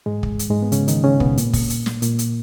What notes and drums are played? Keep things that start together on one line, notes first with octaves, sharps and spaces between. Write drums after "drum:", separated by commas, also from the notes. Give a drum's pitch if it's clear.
G#2 G#3
drum: kick
drum: hi-hat
G#2 G#3
B3
C#3 C#4, drum: hi-hat
D#3 D#4, drum: hi-hat
C#3 C#4
B2 B3, drum: kick
A#2 A#3, drum: hi-hat
drum: kick, open hi-hat
drum: hi-hat
drum: snare
A#2 A#3, drum: hi-hat
drum: hi-hat